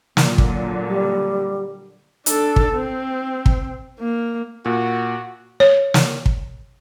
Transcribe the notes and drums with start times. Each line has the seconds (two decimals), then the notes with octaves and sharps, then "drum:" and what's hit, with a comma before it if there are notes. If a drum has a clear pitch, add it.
0.17 A#2 D3 F#3, drum: snare
0.38 drum: kick
0.87 G3
2.26 D4 A4, drum: hi-hat
2.56 drum: kick
2.73 C4
3.46 drum: kick
3.99 A#3
4.65 A#2 F#4
5.60 C#5
5.94 drum: snare
6.26 drum: kick